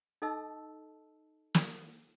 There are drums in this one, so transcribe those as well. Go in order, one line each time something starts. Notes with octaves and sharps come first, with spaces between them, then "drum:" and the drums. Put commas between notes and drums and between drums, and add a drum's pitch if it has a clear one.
D#4 A4 D#5 A5 E6
drum: snare